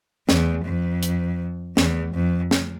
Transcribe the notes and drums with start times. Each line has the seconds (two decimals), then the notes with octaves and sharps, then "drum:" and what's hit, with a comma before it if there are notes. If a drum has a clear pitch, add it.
0.29 E2, drum: snare
0.65 F2
1.03 drum: hi-hat
1.77 E2, drum: snare
2.14 F2
2.51 drum: snare